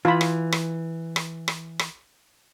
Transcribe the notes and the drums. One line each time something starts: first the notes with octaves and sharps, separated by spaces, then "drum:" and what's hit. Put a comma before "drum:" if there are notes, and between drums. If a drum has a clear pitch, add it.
E3 F4 B5
drum: rim click
drum: rim click
drum: rim click
drum: rim click
drum: rim click